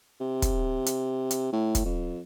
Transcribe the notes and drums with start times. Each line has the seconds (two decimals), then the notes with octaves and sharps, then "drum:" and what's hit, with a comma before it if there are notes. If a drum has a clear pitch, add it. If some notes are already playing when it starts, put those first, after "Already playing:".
0.20 C3
0.42 drum: kick, hi-hat
0.86 drum: hi-hat
1.31 drum: hi-hat
1.52 A2
1.75 drum: kick, hi-hat
1.85 F2